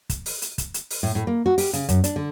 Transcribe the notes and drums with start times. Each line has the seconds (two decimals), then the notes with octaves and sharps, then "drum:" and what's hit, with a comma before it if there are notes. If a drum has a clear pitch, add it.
0.10 drum: kick, hi-hat
0.26 drum: open hi-hat
0.42 drum: hi-hat
0.58 drum: kick, hi-hat
0.74 drum: hi-hat
0.90 drum: open hi-hat
1.03 A2
1.15 A2
1.27 A#3
1.46 F#4
1.58 G4, drum: open hi-hat
1.73 C#3, drum: hi-hat
1.89 F#2, drum: kick, hi-hat
2.04 D4, drum: hi-hat
2.16 D3